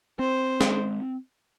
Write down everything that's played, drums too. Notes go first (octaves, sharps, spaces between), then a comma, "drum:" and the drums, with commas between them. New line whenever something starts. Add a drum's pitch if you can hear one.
C4 C5
G#3, drum: snare